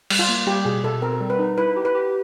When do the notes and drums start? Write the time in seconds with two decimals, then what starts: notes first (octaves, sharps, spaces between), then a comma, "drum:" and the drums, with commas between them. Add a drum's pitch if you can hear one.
0.10 G3, drum: cymbal
0.19 F4
0.28 A#3
0.47 G3 G4
0.65 B2 G#4
0.83 B2 A4
1.02 C4 A#4
1.20 G3
1.30 B4
1.39 D#4
1.58 E4 B4
1.76 G4
1.85 B4
1.95 G4